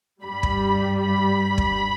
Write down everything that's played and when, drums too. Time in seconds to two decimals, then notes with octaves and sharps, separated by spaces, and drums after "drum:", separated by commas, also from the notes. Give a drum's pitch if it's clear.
0.24 G2 G3 B5
0.43 drum: kick
1.00 B5
1.58 drum: kick